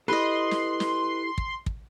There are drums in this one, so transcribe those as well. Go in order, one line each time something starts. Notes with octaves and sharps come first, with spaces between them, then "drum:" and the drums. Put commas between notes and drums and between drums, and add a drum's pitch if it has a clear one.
E4 G4 A4 B4 D#5 C6
drum: snare
drum: snare
drum: kick
drum: kick